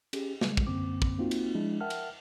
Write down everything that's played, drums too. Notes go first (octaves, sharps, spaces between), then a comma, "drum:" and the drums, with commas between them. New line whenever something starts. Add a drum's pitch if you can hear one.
C#4 G4 G#4, drum: cymbal
C#3 G3 G#3, drum: snare
drum: kick
F#2 D3 A#3 C4 D6
drum: kick
A#3 C4 D#4 F4 F#4
drum: cymbal
F3 G#3 D4 E4
A#4 E5 F#5 G5 A5 F6
drum: cymbal